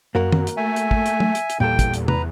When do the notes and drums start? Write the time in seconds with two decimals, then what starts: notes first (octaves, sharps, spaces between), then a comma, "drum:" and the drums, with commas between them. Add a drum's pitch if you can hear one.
0.15 F#2 A#3 F#4 A#4
0.32 drum: tom
0.47 drum: hi-hat
0.57 A3 E5 G#5
0.76 drum: hi-hat
0.91 drum: kick
1.06 drum: hi-hat
1.20 drum: tom
1.35 drum: hi-hat
1.50 drum: hi-hat
1.60 E2 A#2 G3 A4 G5
1.79 drum: kick, hi-hat
1.94 drum: hi-hat
2.08 B4 A#5, drum: tom C3